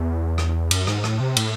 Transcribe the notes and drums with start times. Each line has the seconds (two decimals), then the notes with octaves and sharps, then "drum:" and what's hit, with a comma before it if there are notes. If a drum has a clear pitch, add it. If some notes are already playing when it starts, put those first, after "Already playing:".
Already playing: E2
0.38 drum: rim click
0.71 F#2, drum: cymbal
0.87 G#2, drum: rim click
1.04 A2, drum: rim click
1.20 C3
1.36 A2, drum: cymbal